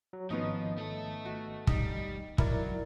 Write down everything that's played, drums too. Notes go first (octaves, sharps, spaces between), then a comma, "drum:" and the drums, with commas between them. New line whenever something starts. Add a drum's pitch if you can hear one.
F#3
G#1 F3 B3 C#4 D#4 D#5 D#6
A3 A4
F#4
G3 D#4, drum: kick
F#3 E4 A#4 D5, drum: kick